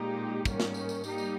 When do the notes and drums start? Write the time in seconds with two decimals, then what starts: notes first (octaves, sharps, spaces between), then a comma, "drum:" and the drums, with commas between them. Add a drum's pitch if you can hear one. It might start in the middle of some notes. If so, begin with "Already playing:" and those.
Already playing: A#2 G#3 D#4 G4
0.45 G#2 D#3 G3 A#3 C#4, drum: kick, tambourine
0.60 drum: snare
0.74 drum: tambourine
0.89 drum: tambourine
1.04 G3 A#3 D#4 G4, drum: tambourine
1.18 drum: tambourine